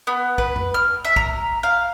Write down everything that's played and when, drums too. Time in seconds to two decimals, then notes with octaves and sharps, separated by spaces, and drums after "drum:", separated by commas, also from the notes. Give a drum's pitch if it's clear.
0.07 B3
0.38 B4, drum: kick
0.56 drum: tom F2
0.74 F6
1.05 E5
1.16 A#5, drum: kick
1.63 F5